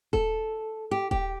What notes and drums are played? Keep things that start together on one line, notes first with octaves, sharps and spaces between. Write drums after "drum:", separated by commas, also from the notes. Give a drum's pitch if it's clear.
A4, drum: kick D#1
G4
G4, drum: kick D#1